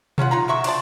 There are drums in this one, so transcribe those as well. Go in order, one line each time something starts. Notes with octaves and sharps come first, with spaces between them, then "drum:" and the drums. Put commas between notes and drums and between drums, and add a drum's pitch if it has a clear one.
B2 C#4 F4 F#5, drum: tom B2
D#4 F4 A#5
G#3 F#4 E5 C#6
D4 C5 D5 A5, drum: cymbal